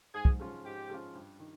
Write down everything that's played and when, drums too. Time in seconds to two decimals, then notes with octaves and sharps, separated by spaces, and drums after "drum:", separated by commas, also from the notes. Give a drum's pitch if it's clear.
0.14 G#2 G#4
0.25 drum: kick
0.40 F3 G#3 C#4 F4
0.64 G#2 G4
0.90 F3 G#3 C#4 F4
1.15 G2
1.40 D#3